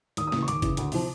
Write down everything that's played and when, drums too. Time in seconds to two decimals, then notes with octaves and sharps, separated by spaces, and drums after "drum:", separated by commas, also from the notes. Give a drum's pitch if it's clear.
0.17 D#2 D#6, drum: hi-hat
0.27 D#6
0.32 C#3 E3, drum: snare
0.42 C#6
0.48 D#2 D6, drum: hi-hat
0.62 C#3 E3, drum: kick, hi-hat
0.77 D2, drum: hi-hat
0.92 C3 F3, drum: open hi-hat